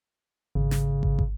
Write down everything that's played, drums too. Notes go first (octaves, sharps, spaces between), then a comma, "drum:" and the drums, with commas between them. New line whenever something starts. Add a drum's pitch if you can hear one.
G#1 C#3
drum: snare
drum: kick
drum: kick